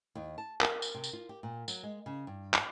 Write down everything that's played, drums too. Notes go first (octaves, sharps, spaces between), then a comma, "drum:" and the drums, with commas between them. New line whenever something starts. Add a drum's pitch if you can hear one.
D#2
A5
A#4, drum: clap
drum: tambourine
C3
drum: tambourine
F4
G4
A#2
F#3, drum: tambourine
G#3
C#3
G2
drum: clap